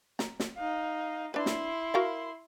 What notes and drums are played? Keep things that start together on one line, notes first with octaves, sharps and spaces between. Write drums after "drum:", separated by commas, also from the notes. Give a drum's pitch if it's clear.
A#5, drum: snare
drum: snare
D#4 F5
D4 E4 B4 C6
drum: snare
F#4 A#4 F5